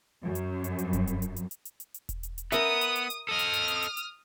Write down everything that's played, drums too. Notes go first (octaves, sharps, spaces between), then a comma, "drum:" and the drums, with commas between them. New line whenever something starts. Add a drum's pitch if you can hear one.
F#2
drum: hi-hat
drum: hi-hat
drum: hi-hat
drum: kick E1, hi-hat
drum: hi-hat
drum: hi-hat
drum: hi-hat
drum: hi-hat
drum: hi-hat
drum: hi-hat
drum: hi-hat
drum: kick E1, hi-hat
drum: hi-hat
drum: hi-hat
B3 A#4 E5 D#6, drum: hi-hat
drum: hi-hat
drum: hi-hat
drum: hi-hat
A4 D#5 D#6 F6
drum: hi-hat
drum: hi-hat
drum: hi-hat
drum: hi-hat
drum: hi-hat